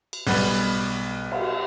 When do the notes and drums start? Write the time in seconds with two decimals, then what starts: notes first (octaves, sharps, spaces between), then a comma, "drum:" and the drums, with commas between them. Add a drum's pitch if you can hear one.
0.13 drum: cymbal
0.27 B1 G3 B3 B5, drum: open hi-hat
1.32 drum: cymbal